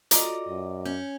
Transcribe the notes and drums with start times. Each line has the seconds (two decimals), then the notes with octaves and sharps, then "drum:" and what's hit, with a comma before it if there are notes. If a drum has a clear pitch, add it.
0.11 F4 F#4 A4 D5 D#5 A#5, drum: hi-hat
0.48 F#2
0.85 C#4 G6